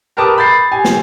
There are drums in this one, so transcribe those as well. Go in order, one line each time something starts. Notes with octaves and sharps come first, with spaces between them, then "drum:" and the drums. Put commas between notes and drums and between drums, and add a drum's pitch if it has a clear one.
G4 A#4 B4 A5 D6 D#6
B5 G6 A6 C7
G4 G#5
drum: snare